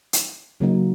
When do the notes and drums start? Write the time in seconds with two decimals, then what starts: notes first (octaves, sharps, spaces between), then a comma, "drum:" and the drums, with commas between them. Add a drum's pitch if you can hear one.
0.13 drum: hi-hat
0.60 C#3 F#3 A#3 D#4